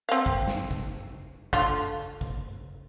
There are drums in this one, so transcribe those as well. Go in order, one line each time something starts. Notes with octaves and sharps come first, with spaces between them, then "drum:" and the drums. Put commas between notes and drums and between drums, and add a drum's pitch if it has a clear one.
C4 F5, drum: hi-hat
drum: kick
drum: snare
drum: kick
D3 F4, drum: kick
drum: kick